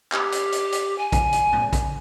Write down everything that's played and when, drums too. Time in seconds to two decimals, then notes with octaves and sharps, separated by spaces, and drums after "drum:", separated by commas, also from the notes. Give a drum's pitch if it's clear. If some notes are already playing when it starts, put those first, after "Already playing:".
0.12 G4, drum: clap
0.32 drum: hi-hat
0.52 drum: hi-hat
0.72 drum: hi-hat
0.98 G#5
1.12 drum: kick, hi-hat
1.33 drum: hi-hat
1.53 drum: tom A2
1.73 drum: kick, hi-hat